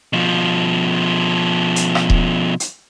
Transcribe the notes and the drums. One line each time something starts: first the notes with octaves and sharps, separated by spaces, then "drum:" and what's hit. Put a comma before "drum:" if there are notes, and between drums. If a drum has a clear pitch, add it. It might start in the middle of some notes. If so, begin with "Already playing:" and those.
B2 F3
drum: hi-hat
drum: rim click
drum: kick D#1
drum: hi-hat